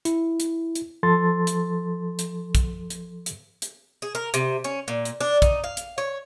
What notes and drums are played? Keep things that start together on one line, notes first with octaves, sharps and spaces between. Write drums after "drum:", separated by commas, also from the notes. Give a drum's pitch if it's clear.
E4, drum: hi-hat
drum: hi-hat
drum: hi-hat
F3 A4 C6 A6
drum: hi-hat
drum: hi-hat
drum: kick, hi-hat
drum: hi-hat
drum: hi-hat
drum: hi-hat
G#4
A#4
C3, drum: hi-hat
C#4
A#2
drum: hi-hat
D4
D#4, drum: kick, hi-hat
F5
drum: hi-hat
C#5